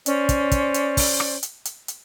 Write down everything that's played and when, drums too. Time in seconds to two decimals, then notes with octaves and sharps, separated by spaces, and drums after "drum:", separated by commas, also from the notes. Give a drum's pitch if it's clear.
0.06 C#4 C5 D5, drum: hi-hat
0.29 drum: kick, hi-hat
0.51 drum: kick, hi-hat
0.74 drum: hi-hat
0.97 drum: kick, open hi-hat
1.20 drum: rim click
1.43 drum: hi-hat
1.65 drum: hi-hat
1.88 drum: hi-hat